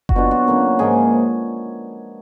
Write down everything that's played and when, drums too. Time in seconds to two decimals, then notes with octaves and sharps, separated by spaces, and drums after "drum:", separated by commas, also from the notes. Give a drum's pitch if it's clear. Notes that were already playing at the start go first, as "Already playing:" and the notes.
0.09 F#4, drum: kick F#1
0.16 B2 F#3 B3 D4 F4
0.31 F#4
0.47 C#3 F#3 A#3
0.79 G#2 F3 A#3 G#4